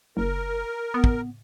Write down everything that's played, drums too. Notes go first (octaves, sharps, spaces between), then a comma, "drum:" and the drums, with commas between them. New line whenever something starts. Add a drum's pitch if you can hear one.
F#1 A#4
B3
drum: kick